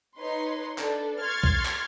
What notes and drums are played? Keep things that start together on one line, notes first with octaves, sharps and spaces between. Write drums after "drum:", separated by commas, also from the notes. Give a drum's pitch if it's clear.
D#4 B4 C#5 C6
D4 A4 B4, drum: clap
C6 C#6 F6 G#6 A6 C7
drum: kick B1
drum: clap